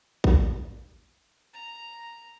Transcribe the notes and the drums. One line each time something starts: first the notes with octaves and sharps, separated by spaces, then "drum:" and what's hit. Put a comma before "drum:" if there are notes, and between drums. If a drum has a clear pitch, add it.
drum: kick A1
A#5